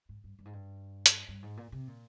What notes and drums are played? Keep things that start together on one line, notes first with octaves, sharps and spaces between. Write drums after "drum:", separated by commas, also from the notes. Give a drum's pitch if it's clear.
G#2
G2
G2
G#2
G2
drum: hi-hat
G2
G#2
A#2
C3
A#2